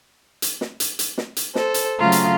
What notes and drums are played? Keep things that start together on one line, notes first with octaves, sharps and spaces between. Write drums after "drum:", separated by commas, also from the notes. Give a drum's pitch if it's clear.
drum: hi-hat
drum: snare
drum: hi-hat
drum: hi-hat
drum: snare
drum: hi-hat
A4 C5, drum: snare
drum: hi-hat
C#3 F#3 A3 F4 F5 A#5
drum: hi-hat